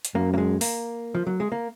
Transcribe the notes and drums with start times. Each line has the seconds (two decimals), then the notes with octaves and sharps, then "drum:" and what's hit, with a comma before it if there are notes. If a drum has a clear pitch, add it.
0.05 drum: hi-hat
0.15 F#2 A#3
0.34 A#3
0.38 G#3
0.61 A#3, drum: open hi-hat
1.15 F3
1.27 F#3
1.40 G#3
1.52 A#3